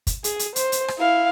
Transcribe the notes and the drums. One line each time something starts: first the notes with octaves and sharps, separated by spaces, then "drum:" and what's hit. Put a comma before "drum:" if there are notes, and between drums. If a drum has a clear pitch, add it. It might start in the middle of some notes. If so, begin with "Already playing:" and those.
drum: kick, hi-hat
G#4, drum: hi-hat
drum: hi-hat
C5, drum: hi-hat
drum: hi-hat
drum: rim click
E4 F5